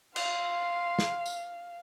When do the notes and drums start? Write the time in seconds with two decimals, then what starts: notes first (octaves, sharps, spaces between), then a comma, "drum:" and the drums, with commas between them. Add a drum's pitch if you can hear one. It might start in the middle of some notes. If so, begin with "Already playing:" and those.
0.16 F5 C6, drum: cymbal
0.99 drum: snare
1.26 drum: tambourine